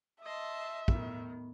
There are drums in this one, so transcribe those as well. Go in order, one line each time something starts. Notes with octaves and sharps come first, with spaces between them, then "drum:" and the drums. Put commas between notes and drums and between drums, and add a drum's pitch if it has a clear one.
D#5 E5 A5 C6
A2 D#3 B3, drum: kick